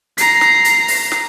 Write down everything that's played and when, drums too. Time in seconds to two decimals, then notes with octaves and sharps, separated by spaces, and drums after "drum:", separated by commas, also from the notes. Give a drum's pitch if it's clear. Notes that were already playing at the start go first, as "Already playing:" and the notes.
0.18 A#5 C7, drum: hi-hat
0.41 drum: snare
0.65 drum: hi-hat
0.88 drum: open hi-hat
1.12 drum: snare